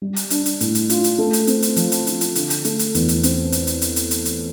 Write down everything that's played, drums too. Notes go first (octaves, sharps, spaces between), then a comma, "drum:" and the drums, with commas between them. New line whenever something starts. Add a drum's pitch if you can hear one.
G3
drum: hi-hat
D4, drum: hi-hat
drum: hi-hat
A2, drum: hi-hat
drum: hi-hat
F4, drum: hi-hat
drum: hi-hat
A3
drum: hi-hat
C4, drum: hi-hat
drum: hi-hat
F3, drum: hi-hat
drum: hi-hat
F4, drum: hi-hat
drum: hi-hat
D3, drum: hi-hat
drum: hi-hat
A3, drum: hi-hat
drum: hi-hat
E2, drum: hi-hat
drum: hi-hat
C4, drum: hi-hat
drum: hi-hat
drum: hi-hat
drum: hi-hat
drum: hi-hat
drum: hi-hat
drum: hi-hat